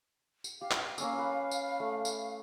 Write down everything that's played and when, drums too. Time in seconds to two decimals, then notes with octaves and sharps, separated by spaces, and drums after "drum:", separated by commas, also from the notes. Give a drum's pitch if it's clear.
0.44 drum: tambourine
0.61 G4 F5
0.71 drum: clap
0.98 A#3 C#4 E6, drum: tambourine
1.19 B4
1.51 drum: tambourine
1.80 A3
2.05 drum: tambourine